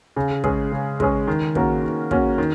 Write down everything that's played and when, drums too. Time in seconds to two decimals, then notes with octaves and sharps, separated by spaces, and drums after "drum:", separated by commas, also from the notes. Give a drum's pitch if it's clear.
0.16 C#3
0.44 G#3 C#4 G#4, drum: kick
0.72 C#3
1.00 G#3 C#4 G#4, drum: kick
1.27 D#3
1.55 A#3 C#4 F#4 A#4, drum: kick
1.82 D#3
2.11 A#3 C#4 F#4 A#4, drum: kick
2.38 D#3